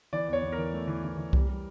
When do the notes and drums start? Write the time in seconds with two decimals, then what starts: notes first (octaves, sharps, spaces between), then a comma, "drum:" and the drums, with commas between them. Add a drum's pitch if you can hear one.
0.13 E3 D5
0.28 E2
0.33 C#5
0.42 E2
0.52 A#4
0.58 E3
0.73 A3
0.88 E3
1.04 E3
1.18 E3
1.33 G3, drum: kick C2
1.48 G3